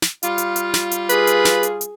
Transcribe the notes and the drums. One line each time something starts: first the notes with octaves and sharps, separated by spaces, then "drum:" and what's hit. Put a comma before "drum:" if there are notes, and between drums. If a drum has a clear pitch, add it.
drum: snare
G3 F4, drum: hi-hat
drum: hi-hat
drum: hi-hat
drum: snare
drum: hi-hat
G#4 B4, drum: hi-hat
drum: hi-hat
drum: snare
drum: hi-hat
drum: hi-hat